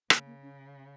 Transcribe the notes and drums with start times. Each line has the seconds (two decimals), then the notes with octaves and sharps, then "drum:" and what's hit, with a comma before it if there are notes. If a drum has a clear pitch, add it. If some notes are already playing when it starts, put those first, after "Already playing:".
0.10 C#3 A#3, drum: rim click
0.26 A#3
0.42 C#4